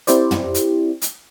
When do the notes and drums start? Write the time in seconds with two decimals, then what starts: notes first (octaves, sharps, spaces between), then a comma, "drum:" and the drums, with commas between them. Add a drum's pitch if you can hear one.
0.07 C4 E4 G4 C5 D5, drum: hi-hat
0.31 drum: tom
0.54 drum: hi-hat
1.02 drum: hi-hat